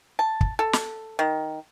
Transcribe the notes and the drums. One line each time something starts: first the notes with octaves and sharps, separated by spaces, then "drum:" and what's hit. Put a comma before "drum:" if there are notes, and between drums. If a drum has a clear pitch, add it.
A5
drum: kick
A4
drum: snare
D#3